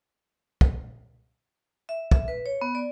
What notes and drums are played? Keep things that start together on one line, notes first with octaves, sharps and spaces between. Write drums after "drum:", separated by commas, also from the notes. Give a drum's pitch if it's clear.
drum: kick
E5
E5, drum: kick
B4
C#5
B3
D5